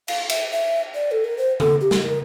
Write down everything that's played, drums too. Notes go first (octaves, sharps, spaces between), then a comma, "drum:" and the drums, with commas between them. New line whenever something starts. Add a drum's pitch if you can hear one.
F5, drum: cymbal
E5, drum: cymbal
E5
D5
A4
A#4
C5
A4, drum: tom C#3
G4
drum: snare
A#4